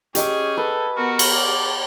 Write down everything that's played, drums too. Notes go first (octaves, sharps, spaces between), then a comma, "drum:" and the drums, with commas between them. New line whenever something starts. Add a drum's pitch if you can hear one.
C#4 G4 G#4 D#5 D6, drum: hi-hat
A4 B4
B3 F#4 A#4
drum: cymbal
D5